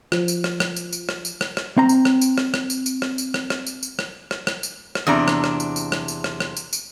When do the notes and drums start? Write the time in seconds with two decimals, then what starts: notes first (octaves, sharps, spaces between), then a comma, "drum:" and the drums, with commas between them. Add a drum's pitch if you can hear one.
0.12 F3, drum: rim click
0.28 drum: tambourine
0.44 drum: rim click
0.60 drum: rim click
0.76 drum: tambourine
0.93 drum: tambourine
1.09 drum: rim click
1.25 drum: tambourine
1.41 drum: rim click
1.57 drum: rim click
1.78 C4 A#5
1.89 drum: tambourine
2.05 drum: rim click
2.21 drum: tambourine
2.38 drum: rim click
2.54 drum: rim click
2.70 drum: tambourine
2.86 drum: tambourine
3.02 drum: rim click
3.18 drum: tambourine
3.34 drum: rim click
3.50 drum: rim click
3.66 drum: tambourine
3.83 drum: tambourine
3.99 drum: rim click
4.31 drum: rim click
4.47 drum: rim click
4.63 drum: tambourine
4.95 drum: rim click
5.07 E2 C3 D4 A#5
5.28 drum: rim click
5.44 drum: rim click
5.60 drum: tambourine
5.76 drum: tambourine
5.92 drum: rim click
6.08 drum: tambourine
6.24 drum: rim click
6.40 drum: rim click
6.57 drum: tambourine
6.73 drum: tambourine